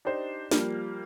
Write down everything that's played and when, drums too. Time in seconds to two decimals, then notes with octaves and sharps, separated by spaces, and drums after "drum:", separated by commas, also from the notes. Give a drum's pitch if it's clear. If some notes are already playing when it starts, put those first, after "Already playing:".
0.05 D4 D#4 G4 C5
0.51 F3 G3 A#3, drum: snare